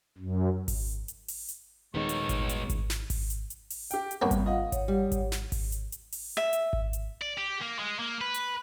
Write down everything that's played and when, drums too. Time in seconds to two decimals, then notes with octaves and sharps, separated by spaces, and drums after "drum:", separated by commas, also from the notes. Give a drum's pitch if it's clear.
0.18 F#2
0.68 drum: kick G#1, open hi-hat
1.08 drum: hi-hat
1.28 drum: open hi-hat
1.49 drum: hi-hat
1.95 D#1 D#3 G#3 B3 D#4 C#5
2.09 drum: hi-hat
2.29 drum: kick G#1, hi-hat
2.49 drum: hi-hat
2.70 drum: kick G#1, hi-hat
2.90 drum: snare
3.10 drum: kick G#1, open hi-hat
3.30 drum: hi-hat
3.50 drum: hi-hat
3.70 drum: open hi-hat
3.91 G4 G5, drum: hi-hat
4.11 drum: hi-hat
4.22 G#1 E2 C3 G3 A#3 B3 C#4
4.31 drum: kick G#1, hi-hat
4.46 F4 D#5 F5 F#5
4.72 C#5 F#5, drum: kick G#1, hi-hat
4.88 G3
5.12 drum: kick G#1, hi-hat
5.32 drum: snare
5.52 drum: kick G#1, open hi-hat
5.72 drum: hi-hat
5.92 drum: hi-hat
6.12 drum: open hi-hat
6.37 E5
6.53 drum: hi-hat
6.73 drum: kick G#1
6.93 drum: hi-hat
7.21 D5
7.37 G4
7.61 A#3
7.79 G#3
7.99 A#3
8.21 B4
8.34 drum: hi-hat